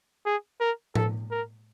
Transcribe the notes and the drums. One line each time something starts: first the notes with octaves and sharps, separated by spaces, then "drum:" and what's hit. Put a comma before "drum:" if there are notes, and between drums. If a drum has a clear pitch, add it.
G#4
A#4
A4, drum: tom A2
A#4